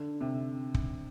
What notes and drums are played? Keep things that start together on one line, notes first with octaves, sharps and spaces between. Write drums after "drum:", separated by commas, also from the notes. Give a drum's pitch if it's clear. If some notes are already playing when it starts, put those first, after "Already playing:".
Already playing: D3
C3
drum: kick